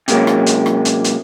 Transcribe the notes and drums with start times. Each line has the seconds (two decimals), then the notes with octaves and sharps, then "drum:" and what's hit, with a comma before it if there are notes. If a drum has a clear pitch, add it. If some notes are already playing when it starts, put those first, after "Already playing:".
0.08 C3 F#3 G#3 A#3 C#4, drum: hi-hat
0.27 drum: rim click
0.46 drum: hi-hat
0.66 drum: rim click
0.85 drum: hi-hat
1.04 drum: hi-hat